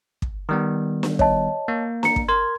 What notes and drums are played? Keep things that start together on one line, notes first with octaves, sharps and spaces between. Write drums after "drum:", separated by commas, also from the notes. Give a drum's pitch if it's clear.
drum: kick
D#3 G3 B3
drum: snare
C#5 D#5 A5, drum: kick
A#3
A#5 C#7, drum: snare
drum: kick
A#4 C6 G#6